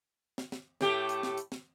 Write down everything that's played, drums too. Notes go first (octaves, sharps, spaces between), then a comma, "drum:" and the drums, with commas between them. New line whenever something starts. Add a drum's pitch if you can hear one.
drum: snare
drum: snare
A2 A3 G4, drum: snare
drum: hi-hat
drum: snare
drum: hi-hat
drum: snare